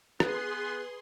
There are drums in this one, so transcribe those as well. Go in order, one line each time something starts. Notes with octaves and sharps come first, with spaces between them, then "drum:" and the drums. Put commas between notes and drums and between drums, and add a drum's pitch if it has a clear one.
B3 G#4 B4 C6, drum: rim click